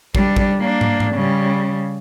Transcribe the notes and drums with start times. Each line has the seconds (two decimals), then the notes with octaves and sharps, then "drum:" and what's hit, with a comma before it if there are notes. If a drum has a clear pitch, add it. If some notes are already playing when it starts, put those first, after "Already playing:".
0.15 G3 D4, drum: kick
0.37 drum: kick
0.60 A#3 D4
0.81 drum: tom
1.00 drum: tom G#2
1.14 C#3 G3